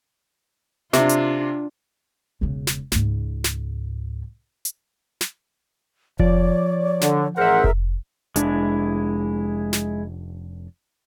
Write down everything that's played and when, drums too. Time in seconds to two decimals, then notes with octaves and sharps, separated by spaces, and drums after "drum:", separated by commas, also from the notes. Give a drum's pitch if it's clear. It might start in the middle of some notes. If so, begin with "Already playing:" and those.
0.93 C3 D4 F4, drum: snare
1.09 drum: hi-hat
2.41 E1 C#3
2.67 drum: snare
2.92 C#2 G#2, drum: snare
3.44 drum: snare
4.65 drum: hi-hat
5.21 drum: snare
6.19 F3 C#5 D5, drum: kick F1
7.01 D3, drum: snare
7.37 A1 G#4 A#4 C5 E5 F#5
7.64 drum: kick F1
8.36 F1 G#3 D4 E4, drum: hi-hat
9.73 drum: snare